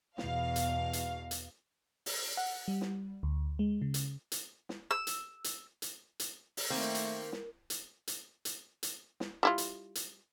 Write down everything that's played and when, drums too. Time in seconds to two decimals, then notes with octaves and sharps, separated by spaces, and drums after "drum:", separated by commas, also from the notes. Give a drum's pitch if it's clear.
0.18 E2 B2 F5, drum: snare
0.56 drum: hi-hat
0.93 drum: hi-hat
1.31 drum: hi-hat
2.06 drum: open hi-hat
2.37 F#5
2.68 G3
2.81 drum: snare
3.23 D2
3.59 G#3
3.82 C#3
3.94 drum: hi-hat
4.32 drum: hi-hat
4.69 drum: snare
4.91 E6
5.07 drum: hi-hat
5.44 drum: hi-hat
5.82 drum: hi-hat
6.20 drum: hi-hat
6.57 drum: open hi-hat
6.70 D#3 A3 A#3 C4 A#4
6.95 drum: hi-hat
7.32 drum: snare
7.70 drum: hi-hat
8.07 drum: hi-hat
8.45 drum: hi-hat
8.83 drum: hi-hat
9.20 drum: snare
9.43 G3 E4 F4
9.58 drum: hi-hat
9.95 drum: hi-hat